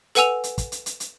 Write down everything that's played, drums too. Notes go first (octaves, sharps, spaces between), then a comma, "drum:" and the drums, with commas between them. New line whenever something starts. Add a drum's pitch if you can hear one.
A4 B4 F#5 G#5 E6 F7, drum: hi-hat
drum: hi-hat
drum: kick, hi-hat
drum: hi-hat
drum: hi-hat
drum: hi-hat